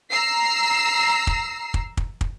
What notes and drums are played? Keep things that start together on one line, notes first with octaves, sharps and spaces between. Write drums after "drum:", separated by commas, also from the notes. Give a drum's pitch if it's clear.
A#5 E6 C7
drum: kick
drum: kick
drum: kick
drum: kick